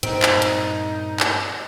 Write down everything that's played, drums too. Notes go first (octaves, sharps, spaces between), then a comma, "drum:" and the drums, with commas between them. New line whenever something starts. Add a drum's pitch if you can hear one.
G2 A#2 C4 D#4, drum: hi-hat
drum: clap
drum: hi-hat
drum: clap